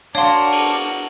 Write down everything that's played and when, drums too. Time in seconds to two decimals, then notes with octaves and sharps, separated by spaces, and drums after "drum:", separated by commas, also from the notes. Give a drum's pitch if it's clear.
0.15 D4 F#4 A#4 C#5 F5 C6
0.52 drum: cymbal